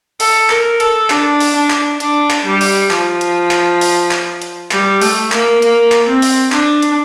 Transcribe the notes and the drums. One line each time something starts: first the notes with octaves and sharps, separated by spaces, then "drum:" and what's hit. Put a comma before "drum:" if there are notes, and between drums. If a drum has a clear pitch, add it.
A4, drum: open hi-hat
A#4, drum: clap
A4, drum: hi-hat
D4, drum: clap
drum: open hi-hat
D4
drum: clap
D4, drum: hi-hat
drum: clap
G3
drum: open hi-hat
F3, drum: clap
drum: hi-hat
drum: clap
drum: open hi-hat
drum: clap
drum: hi-hat
G3, drum: clap
A3, drum: open hi-hat
A#3, drum: clap
A#3, drum: hi-hat
drum: clap
C4
drum: open hi-hat
D4, drum: clap
drum: hi-hat